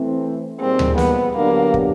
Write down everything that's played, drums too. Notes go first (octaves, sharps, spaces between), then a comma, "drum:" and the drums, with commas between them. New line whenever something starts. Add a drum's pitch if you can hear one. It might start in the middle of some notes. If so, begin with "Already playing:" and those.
Already playing: E3 A3 C4
A#2 G3 A#3 C4 D#4 G#4
drum: tom D2
B3, drum: snare
D3 F#3 A#3 B3 D4 G4
drum: kick